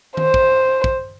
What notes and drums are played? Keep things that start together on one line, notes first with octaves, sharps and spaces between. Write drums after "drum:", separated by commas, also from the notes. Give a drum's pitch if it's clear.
C5, drum: tom D#3
drum: kick
drum: kick